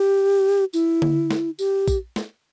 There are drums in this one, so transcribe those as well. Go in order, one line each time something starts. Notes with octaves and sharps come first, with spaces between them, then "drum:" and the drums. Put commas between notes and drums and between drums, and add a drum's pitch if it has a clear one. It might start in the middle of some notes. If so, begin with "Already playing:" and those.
Already playing: G4
E4, drum: tambourine
drum: tom D3
drum: snare
G4, drum: tambourine
drum: kick, tambourine
drum: snare